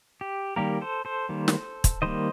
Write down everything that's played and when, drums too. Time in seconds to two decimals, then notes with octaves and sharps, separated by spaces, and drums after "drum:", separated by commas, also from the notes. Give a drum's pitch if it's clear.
0.21 G4
0.56 D#3 G3 A#3 G4 A#4
0.81 A4 C5
1.05 A4 C5
1.29 D#3 G3 A#3
1.48 drum: snare
1.84 drum: kick, hi-hat
2.02 D#3 G3 A#3 C5 D#5